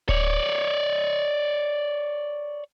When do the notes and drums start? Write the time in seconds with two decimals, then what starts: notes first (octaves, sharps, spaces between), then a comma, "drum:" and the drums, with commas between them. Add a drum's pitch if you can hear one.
0.09 C#5 D5, drum: kick D1